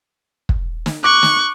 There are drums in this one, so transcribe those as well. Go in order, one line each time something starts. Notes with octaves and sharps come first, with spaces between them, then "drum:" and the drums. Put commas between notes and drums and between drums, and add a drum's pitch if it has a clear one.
drum: kick
drum: snare
C#6 D6 F#6
drum: snare